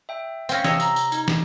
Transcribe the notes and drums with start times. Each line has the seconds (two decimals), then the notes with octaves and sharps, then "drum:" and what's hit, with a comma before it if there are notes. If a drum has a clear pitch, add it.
0.09 E5 G5
0.49 C4 C#4 F5 A#6, drum: tambourine
0.64 C3 C#5 D#5 E6, drum: snare
0.80 A#5 A#6, drum: tambourine
0.96 drum: tambourine
1.12 D#4, drum: tambourine
1.28 drum: snare